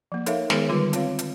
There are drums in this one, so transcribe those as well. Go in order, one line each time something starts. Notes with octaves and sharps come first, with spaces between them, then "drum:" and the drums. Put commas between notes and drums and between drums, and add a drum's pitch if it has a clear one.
F3 A#3
D#4 A4 A#4 C#5 E5 F5, drum: hi-hat
D#3 G#3 B3 G#4 A#4 C#5, drum: snare
D3 G3 F4 B4 C6
C4 F4 C#5 F5, drum: hi-hat
drum: hi-hat